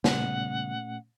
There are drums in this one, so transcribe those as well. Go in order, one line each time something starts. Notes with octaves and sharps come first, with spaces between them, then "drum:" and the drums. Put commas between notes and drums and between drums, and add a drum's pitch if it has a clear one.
A#2 C#3 G3 A3 B3 C#4 F#5, drum: snare